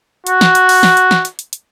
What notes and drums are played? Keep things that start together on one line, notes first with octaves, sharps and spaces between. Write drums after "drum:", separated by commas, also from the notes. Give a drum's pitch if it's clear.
F#4, drum: hi-hat
drum: snare
drum: hi-hat
drum: open hi-hat
drum: snare
drum: hi-hat
drum: snare
drum: hi-hat
drum: hi-hat
drum: hi-hat